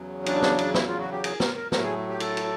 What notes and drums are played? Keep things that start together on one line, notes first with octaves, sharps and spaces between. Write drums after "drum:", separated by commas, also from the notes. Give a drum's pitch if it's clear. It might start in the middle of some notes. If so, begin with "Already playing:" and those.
Already playing: E2 C#3 F#3
D4, drum: cymbal
drum: snare
drum: cymbal
E4, drum: snare
F4
F#4
G4
G#4, drum: cymbal
A#4, drum: snare
A#4
A2 F#3 A3 A#4, drum: snare
G#4
G4
A4, drum: cymbal
drum: cymbal